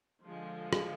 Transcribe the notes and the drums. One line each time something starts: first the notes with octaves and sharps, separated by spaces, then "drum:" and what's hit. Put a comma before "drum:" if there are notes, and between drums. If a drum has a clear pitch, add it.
D3 F3 G#3
drum: rim click